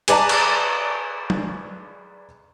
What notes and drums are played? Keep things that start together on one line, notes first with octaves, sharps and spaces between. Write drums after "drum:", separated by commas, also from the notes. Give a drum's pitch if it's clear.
G#4 B4 D5 A5 A#5, drum: hi-hat
drum: cymbal
drum: tom F#3